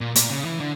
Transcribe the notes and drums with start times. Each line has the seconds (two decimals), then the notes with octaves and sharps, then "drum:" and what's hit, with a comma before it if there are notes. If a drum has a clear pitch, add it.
0.01 A#2
0.16 A#2, drum: hi-hat
0.30 C#3
0.45 E3
0.60 D3